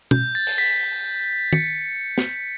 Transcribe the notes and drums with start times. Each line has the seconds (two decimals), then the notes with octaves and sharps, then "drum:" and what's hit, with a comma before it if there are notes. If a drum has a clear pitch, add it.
0.11 G6, drum: tom
0.35 A6
0.47 drum: open hi-hat
0.58 B6
1.53 C#7, drum: tom
2.18 drum: snare